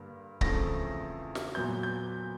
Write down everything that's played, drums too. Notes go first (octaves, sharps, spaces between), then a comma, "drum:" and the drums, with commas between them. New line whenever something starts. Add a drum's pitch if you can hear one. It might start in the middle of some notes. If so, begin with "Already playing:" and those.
Already playing: G2 D3 G3 A#3
E2 C#3 F3 A3 C4 A#6, drum: kick C#1
drum: snare
A#2 F#3 B3 G6
G6